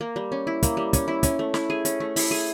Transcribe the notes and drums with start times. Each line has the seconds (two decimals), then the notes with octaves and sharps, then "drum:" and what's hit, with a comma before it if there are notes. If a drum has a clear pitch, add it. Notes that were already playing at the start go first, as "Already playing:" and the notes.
0.01 A#3
0.16 G3
0.32 C#4
0.47 E4
0.63 A#3, drum: kick, hi-hat
0.77 G3
0.93 C#4, drum: kick, hi-hat
1.08 E4
1.23 C#4, drum: kick, hi-hat
1.39 A3
1.54 E4, drum: snare
1.70 G#4
1.85 C#4, drum: hi-hat
2.00 A3
2.16 E4, drum: open hi-hat
2.31 G#4